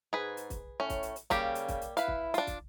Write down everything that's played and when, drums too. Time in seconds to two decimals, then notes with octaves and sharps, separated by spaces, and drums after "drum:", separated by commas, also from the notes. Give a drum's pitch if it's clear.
0.13 G#2 G#4 B4
0.37 drum: hi-hat
0.50 drum: kick, hi-hat
0.80 A2 C#4
0.90 drum: kick, hi-hat
1.03 drum: hi-hat
1.16 drum: hi-hat
1.30 C#3 G3 A#3 G4, drum: kick, hi-hat
1.55 drum: hi-hat
1.68 drum: kick, hi-hat
1.81 drum: hi-hat
1.97 E4 B4 F5, drum: hi-hat
2.08 drum: kick
2.34 D4 F4, drum: hi-hat
2.47 drum: kick, hi-hat